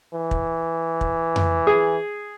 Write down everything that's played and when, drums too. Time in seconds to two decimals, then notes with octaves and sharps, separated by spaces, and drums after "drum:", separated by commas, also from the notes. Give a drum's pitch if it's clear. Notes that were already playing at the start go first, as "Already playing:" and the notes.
0.14 E3
0.31 drum: kick
1.01 drum: kick
1.36 drum: tom F2
1.67 G#4